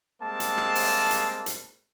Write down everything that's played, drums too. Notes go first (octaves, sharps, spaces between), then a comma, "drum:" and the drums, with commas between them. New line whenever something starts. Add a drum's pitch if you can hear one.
G3 G#3 A#3 C4 A5
drum: hi-hat
drum: rim click
drum: open hi-hat
drum: hi-hat
drum: hi-hat